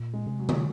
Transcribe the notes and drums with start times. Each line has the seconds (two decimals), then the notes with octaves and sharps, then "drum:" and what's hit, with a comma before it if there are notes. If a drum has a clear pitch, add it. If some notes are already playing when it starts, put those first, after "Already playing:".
Already playing: A#2
0.14 G#3
0.26 C3 G#3
0.39 F#3
0.49 drum: tom D3